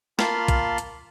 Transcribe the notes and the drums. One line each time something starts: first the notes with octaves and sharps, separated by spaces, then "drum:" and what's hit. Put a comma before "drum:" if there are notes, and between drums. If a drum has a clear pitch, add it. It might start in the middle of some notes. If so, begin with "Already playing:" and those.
A#3 F4 A5 B5 C6 F6, drum: snare
drum: kick A#1, hi-hat
drum: hi-hat